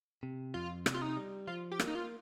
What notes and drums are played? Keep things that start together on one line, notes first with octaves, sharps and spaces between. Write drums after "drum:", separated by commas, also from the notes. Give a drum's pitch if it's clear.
C3
F2 F4
C3, drum: rim click
F4
D#4
G3
F3 F4
G4
A#3, drum: rim click
D#4
F4